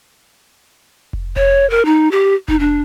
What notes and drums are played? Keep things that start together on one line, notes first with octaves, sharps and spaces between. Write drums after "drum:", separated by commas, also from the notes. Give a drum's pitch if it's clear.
drum: kick F1
C#5, drum: kick F1
A#4
D#4
G4
D#4, drum: kick F1
D4